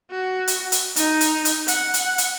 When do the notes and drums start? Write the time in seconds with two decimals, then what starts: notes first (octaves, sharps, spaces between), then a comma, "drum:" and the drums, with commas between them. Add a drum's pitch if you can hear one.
0.11 F#4
0.48 drum: hi-hat
0.72 drum: hi-hat
0.96 D#4, drum: hi-hat
1.21 drum: hi-hat
1.45 drum: hi-hat
1.68 F#5, drum: hi-hat
1.94 drum: hi-hat
2.18 drum: hi-hat